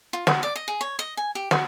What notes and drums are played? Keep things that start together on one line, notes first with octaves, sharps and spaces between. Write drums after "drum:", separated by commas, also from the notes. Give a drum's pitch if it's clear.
F4
F#4, drum: snare
D5
D#5
G#4
C#5
D#5
G#5
G4
F#4, drum: snare